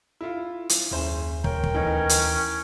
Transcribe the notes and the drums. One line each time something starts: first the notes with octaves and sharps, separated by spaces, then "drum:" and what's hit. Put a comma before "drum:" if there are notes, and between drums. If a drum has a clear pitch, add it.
E4 F4
drum: hi-hat
F#1 D#2 C5 G#5
A#4 C#5 G5, drum: kick
drum: kick
E3 A3 C#4 D#4
drum: hi-hat